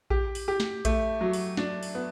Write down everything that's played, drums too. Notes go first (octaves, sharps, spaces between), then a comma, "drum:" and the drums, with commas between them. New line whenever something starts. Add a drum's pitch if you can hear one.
G4, drum: kick A#1
drum: open hi-hat
G4
drum: snare
A3, drum: kick A#1, hi-hat
F#3
drum: open hi-hat
D4, drum: snare
drum: open hi-hat
B3